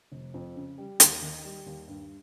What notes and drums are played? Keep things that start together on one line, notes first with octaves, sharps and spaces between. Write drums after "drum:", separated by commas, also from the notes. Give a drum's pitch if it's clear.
F1
F2
C#3
G3
D#2, drum: hi-hat
D#3
G3
D#2
G2